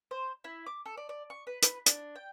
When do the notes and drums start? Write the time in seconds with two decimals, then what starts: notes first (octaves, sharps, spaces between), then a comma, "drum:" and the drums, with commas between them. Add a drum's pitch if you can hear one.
0.11 C5
0.44 E4
0.66 D6
0.86 A4
0.97 D5
1.09 D5
1.30 C#6
1.47 B4
1.62 B4, drum: hi-hat
1.86 D4, drum: hi-hat
2.16 G5